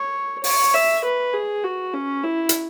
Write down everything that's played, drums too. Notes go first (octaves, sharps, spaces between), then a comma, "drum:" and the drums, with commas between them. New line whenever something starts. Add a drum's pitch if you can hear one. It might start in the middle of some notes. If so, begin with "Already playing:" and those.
Already playing: C#5
C#5, drum: open hi-hat
E5
B4
G#4
F#4
C#4
E4
drum: hi-hat